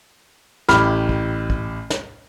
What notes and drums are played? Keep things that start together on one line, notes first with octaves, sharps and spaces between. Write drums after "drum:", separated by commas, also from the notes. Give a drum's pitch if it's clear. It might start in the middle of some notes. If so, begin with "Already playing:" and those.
A1 E4 G4 B5 F6, drum: snare
drum: kick
drum: kick
drum: snare